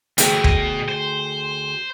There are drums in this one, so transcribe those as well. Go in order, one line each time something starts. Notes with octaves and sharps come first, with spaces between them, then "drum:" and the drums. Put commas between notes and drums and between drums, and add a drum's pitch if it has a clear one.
D2 G2 E3 G#4 G5, drum: hi-hat
B2 D#5, drum: kick
C5